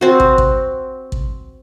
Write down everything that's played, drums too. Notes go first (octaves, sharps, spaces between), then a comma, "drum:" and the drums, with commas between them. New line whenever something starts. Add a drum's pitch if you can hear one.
C4 F#4
drum: kick
drum: kick
drum: kick